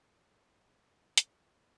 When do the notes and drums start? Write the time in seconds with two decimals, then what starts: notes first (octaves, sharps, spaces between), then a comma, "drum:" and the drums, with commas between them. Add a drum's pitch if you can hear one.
0.19 F4 G#4 D#5 G#5
1.18 A#3 G#4 D#5, drum: hi-hat